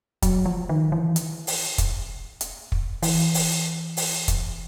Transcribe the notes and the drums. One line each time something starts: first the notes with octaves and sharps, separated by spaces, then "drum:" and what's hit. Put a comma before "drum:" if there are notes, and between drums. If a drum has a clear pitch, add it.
F#3, drum: kick, hi-hat
F3
D#3
E3
drum: hi-hat
drum: open hi-hat
drum: kick, hi-hat
drum: hi-hat
drum: kick
E3, drum: open hi-hat
drum: open hi-hat
drum: open hi-hat
drum: kick, hi-hat